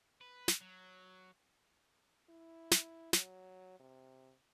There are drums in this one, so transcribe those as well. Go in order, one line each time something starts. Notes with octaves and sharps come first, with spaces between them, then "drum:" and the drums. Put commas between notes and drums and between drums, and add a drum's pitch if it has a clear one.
B4
drum: snare
F#3
E4
drum: snare
F#3, drum: snare
C3